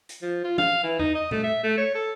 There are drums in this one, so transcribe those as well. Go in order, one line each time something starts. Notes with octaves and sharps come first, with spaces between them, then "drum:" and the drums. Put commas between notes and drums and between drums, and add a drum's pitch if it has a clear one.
drum: hi-hat
F3
F4
F5, drum: tom
E3
D#4, drum: tom E2
D#5
A3, drum: tom A#2
E5
A3
C#5
A4